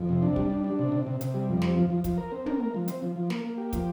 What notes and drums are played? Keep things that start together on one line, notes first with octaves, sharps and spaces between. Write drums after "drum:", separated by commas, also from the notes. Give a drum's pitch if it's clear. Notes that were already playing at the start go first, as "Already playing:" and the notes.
Already playing: F2
C3
D4
G3, drum: kick
D4
D4
C3
C3
C3
C3, drum: hi-hat
G3
F2
C4, drum: snare
F3
F3
F3, drum: kick, hi-hat
A#4
C4
A#4, drum: tom
A#4
F3
C4, drum: hi-hat
F3
F3
A#3, drum: snare
A#3
G4
F3, drum: kick, hi-hat